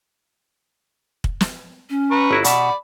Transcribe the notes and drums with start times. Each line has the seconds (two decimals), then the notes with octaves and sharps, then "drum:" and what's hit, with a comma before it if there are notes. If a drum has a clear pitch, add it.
1.24 drum: kick
1.41 drum: snare
1.90 C#4
2.11 B4 A#5 C#6
2.31 G1 E4 F#4
2.44 B2 D5 E5 F#5 B5, drum: hi-hat